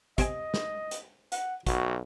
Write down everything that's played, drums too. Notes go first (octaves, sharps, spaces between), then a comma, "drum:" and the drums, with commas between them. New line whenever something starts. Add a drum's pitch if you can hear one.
C3 C4 D#5 G#5, drum: kick, hi-hat
drum: snare
drum: hi-hat
F#5, drum: hi-hat
B1 F#4, drum: kick, hi-hat